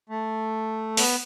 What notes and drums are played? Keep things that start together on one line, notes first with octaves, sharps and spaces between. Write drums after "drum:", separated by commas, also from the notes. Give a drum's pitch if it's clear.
A3
B3, drum: open hi-hat